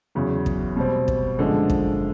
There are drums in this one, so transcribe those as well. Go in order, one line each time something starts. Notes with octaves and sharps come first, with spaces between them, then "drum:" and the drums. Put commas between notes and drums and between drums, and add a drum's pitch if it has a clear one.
E2 C#3 F#3
drum: kick
B2 G3 C4
drum: kick
F#2 D3 F3 G#3
drum: kick